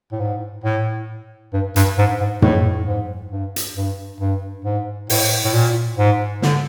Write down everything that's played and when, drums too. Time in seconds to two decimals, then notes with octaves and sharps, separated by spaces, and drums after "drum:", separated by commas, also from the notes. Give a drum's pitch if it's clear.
0.12 A2
0.20 G#2
0.64 A2
1.53 G2
1.76 G2, drum: hi-hat
1.98 G#2
2.20 G#2
2.42 A2, drum: tom
2.87 G#2
3.31 G2
3.56 drum: hi-hat
3.76 G2
4.20 G2
4.64 G#2
5.10 A2, drum: open hi-hat
5.44 A2
5.53 A#2
5.98 G#2
6.42 D3, drum: snare